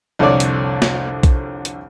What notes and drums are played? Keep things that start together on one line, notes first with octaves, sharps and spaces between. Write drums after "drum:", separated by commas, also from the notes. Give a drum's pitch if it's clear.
C2 F2 D3 A4 C#5 D5
drum: hi-hat
drum: snare
drum: kick B1, hi-hat
drum: hi-hat